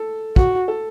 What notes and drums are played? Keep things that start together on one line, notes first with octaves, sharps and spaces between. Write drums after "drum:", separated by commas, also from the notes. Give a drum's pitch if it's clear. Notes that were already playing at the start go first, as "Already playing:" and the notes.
Already playing: A4
F#4, drum: kick
A4